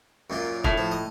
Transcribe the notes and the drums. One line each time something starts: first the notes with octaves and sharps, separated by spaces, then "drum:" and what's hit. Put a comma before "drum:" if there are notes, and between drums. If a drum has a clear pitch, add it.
F#2 A#2 F4
A2, drum: kick
F3
D#5